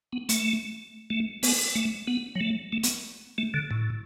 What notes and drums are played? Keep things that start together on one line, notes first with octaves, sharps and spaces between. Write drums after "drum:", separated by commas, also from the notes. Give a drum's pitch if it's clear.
B3
A3, drum: hi-hat
A3
B3, drum: open hi-hat
A3
B3
F#3
A3
A3
B3, drum: hi-hat
A3
D3
A2